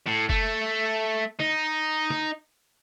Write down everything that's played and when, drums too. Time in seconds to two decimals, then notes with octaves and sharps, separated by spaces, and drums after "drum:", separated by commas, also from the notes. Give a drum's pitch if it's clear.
0.07 A2
0.30 A3, drum: kick
1.39 D#4, drum: snare
2.10 drum: snare